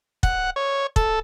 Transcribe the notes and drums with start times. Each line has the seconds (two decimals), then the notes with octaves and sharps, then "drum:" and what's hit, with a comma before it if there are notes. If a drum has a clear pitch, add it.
0.23 F#5, drum: kick
0.56 C#5
0.96 A4, drum: kick